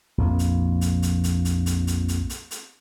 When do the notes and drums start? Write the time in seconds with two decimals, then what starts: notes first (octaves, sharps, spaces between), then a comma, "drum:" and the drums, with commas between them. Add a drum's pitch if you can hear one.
0.18 A#1 F2 A#3
0.39 drum: hi-hat
0.81 drum: hi-hat
1.02 drum: hi-hat
1.24 drum: hi-hat
1.45 drum: hi-hat
1.66 drum: hi-hat
1.87 drum: hi-hat
2.08 drum: hi-hat
2.30 drum: hi-hat
2.51 drum: hi-hat